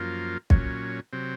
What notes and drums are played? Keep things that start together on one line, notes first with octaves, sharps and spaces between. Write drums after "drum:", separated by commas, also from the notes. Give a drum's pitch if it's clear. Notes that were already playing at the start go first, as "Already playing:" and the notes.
Already playing: F#2 F3 A#3 F4
A#2 F#3 C#4, drum: kick
C3 F#3 C4